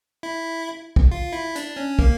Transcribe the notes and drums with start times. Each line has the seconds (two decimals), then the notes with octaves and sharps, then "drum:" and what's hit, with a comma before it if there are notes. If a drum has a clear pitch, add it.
0.23 E4
0.96 drum: kick
1.12 F4
1.33 E4
1.56 D4, drum: hi-hat
1.77 C#4
1.99 A#3, drum: kick